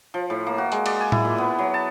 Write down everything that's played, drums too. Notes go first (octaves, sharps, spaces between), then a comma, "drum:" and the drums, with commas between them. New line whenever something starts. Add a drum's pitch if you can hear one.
F3
A2
A#3
F#4
G#3, drum: hi-hat
D5, drum: cymbal
G#5
E4, drum: tom A2
A#2
B3
F#3
A5